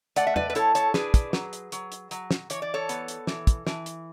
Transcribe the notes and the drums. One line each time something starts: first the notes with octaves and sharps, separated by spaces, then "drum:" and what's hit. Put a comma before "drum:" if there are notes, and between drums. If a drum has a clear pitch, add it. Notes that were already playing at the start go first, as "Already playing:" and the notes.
A3 D5 F#5, drum: hi-hat
E5
B4 D5, drum: tom
B4
E4 A4 C#5, drum: hi-hat
A4 C#5, drum: hi-hat
D4 G#4 B4, drum: snare
drum: kick, hi-hat
F#3, drum: snare
drum: hi-hat
F#3, drum: hi-hat
drum: hi-hat
F#3, drum: hi-hat
drum: snare
E3 C#5, drum: hi-hat
D5
A4 C#5
B3, drum: hi-hat
drum: hi-hat
E3, drum: snare
drum: kick, hi-hat
E3, drum: snare
drum: hi-hat